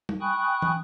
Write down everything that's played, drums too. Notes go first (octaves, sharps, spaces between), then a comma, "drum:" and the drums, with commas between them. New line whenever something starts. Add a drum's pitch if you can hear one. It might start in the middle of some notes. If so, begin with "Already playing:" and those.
drum: tom G3
G5 G#5 B5 C#6 D#6 F#6
drum: tom